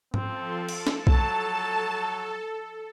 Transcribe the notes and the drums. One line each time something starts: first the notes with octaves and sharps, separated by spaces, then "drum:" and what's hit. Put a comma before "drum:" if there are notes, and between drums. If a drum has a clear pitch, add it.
F3 C4 A4 C6, drum: tom G#2
A4, drum: cymbal
drum: snare D4
F#3 A5, drum: kick